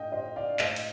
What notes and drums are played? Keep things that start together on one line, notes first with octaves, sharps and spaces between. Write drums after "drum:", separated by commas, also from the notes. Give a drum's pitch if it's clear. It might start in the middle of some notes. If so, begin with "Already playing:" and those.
Already playing: A2 D#5 F5 G5
C5 D#5
D5 F5
A2 C5 D#5, drum: clap
drum: cymbal